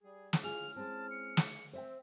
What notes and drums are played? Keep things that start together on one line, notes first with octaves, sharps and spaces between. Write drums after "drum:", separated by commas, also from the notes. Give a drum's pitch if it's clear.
G3 G#4
drum: snare
C#4 E4 F4 G#4 F6 F7
G#3 C4 A5
C#7
drum: snare
C4 C5 E5 G5